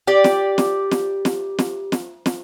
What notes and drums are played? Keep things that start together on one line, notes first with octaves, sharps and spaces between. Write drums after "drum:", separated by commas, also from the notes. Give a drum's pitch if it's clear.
G4 D5
drum: snare
drum: snare
drum: snare
drum: snare
drum: snare
drum: snare
drum: snare